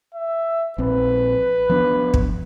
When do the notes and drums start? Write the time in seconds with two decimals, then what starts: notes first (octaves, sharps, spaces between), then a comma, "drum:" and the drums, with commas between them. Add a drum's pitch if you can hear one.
0.14 E5
0.78 A#1 C4 B4
1.70 F3 B3 D4
2.14 drum: kick